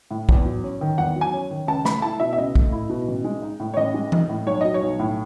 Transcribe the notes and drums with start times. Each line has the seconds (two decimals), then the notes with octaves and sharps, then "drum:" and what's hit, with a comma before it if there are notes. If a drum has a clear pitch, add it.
0.11 A2
0.29 E2, drum: kick
0.45 F#3
0.63 C#4
0.81 D#3
0.98 E2 F#5
1.16 F#3
1.21 G#5
1.33 C#4
1.51 D#3
1.67 C#2 A5
1.85 A3 B5, drum: snare
2.02 E4 A5
2.20 B2 E5
2.33 E5
2.38 C#2 D#5
2.55 A3, drum: kick
2.72 E4
2.89 B2
3.08 A1
3.24 G#3
3.42 D#4
3.60 A2
3.74 C#5
3.77 A1 D#5
3.94 G#3
4.12 D#4, drum: tom E3
4.29 A2
4.47 B1 C#5
4.61 F#3 D#5
4.74 C#5
4.83 B1
4.99 A2